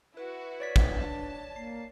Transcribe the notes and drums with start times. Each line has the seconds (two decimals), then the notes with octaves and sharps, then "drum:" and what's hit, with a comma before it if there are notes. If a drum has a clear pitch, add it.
0.17 E4 F#4 B4
0.60 C#5 D5 B6
0.76 drum: kick
0.93 D4 A5
1.56 A#3 C7